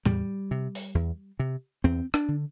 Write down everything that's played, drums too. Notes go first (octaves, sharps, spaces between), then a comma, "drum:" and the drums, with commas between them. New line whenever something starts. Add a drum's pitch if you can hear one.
E2 G3, drum: tom A2
C3
drum: open hi-hat
E2
C3
E2 C4
D4, drum: rim click
D3